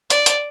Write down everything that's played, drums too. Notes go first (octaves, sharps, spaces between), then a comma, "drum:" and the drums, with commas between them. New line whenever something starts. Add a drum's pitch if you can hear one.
D5, drum: hi-hat
drum: hi-hat